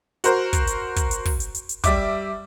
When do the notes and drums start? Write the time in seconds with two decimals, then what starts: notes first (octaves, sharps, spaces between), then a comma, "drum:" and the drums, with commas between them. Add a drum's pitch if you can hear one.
0.24 F#4 A#4 C5, drum: hi-hat
0.53 drum: kick, hi-hat
0.67 drum: hi-hat
0.96 drum: kick, hi-hat
1.11 drum: hi-hat
1.25 drum: kick, open hi-hat
1.40 drum: hi-hat
1.55 drum: hi-hat
1.69 drum: hi-hat
1.84 G3 E5 D6, drum: kick, hi-hat